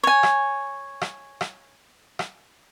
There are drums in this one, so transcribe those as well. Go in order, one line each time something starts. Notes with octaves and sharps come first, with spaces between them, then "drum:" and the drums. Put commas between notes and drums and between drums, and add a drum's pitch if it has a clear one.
C#5 G#5
drum: rim click
drum: rim click
drum: rim click
drum: rim click